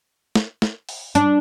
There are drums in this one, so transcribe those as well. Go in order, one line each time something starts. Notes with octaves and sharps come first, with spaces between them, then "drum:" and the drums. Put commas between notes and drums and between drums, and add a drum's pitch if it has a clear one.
drum: snare
drum: snare
drum: open hi-hat
D4, drum: hi-hat